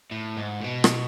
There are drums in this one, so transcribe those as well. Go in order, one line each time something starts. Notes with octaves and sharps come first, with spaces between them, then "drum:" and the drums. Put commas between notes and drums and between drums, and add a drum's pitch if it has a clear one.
A2
G#2
A2
B2
drum: rim click